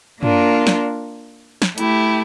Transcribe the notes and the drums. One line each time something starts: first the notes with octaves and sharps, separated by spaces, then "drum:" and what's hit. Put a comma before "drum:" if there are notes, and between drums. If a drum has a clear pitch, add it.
A#3 D4 F4 A#4, drum: tom
drum: snare
drum: snare
A3 E4 G4, drum: hi-hat